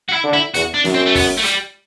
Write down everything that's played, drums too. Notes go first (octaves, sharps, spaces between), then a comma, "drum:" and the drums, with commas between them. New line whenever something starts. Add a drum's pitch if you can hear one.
F#4
E4
D3
E4
E2 F#4, drum: hi-hat
D4
F#2, drum: snare
C4
A3
B3, drum: kick, open hi-hat
A3
G3, drum: hi-hat